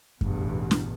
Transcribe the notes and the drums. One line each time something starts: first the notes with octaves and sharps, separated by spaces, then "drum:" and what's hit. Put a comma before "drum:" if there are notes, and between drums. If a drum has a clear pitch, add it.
A1 E2 G2 B2, drum: kick F#2
drum: snare